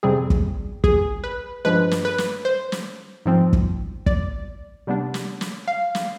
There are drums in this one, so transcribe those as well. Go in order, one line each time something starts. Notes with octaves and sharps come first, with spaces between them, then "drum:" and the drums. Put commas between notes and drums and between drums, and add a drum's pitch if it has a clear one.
F2 C3 G3 C4 G#4
drum: kick
G#4, drum: kick
B4
G2 F3 G#3 B4
drum: snare
B4
drum: snare
C5
drum: snare
G#2 F3 C4
drum: kick
D5, drum: kick
C3 G3 B3 D4
drum: snare
drum: snare
F5
drum: snare